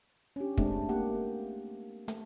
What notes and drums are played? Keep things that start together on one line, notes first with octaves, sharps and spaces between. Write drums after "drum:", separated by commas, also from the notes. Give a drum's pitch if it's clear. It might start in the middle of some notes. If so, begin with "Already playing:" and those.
C#4 D4 G4
G#3 A3 C4 D4, drum: kick
A#3 G4 F#5
A3, drum: hi-hat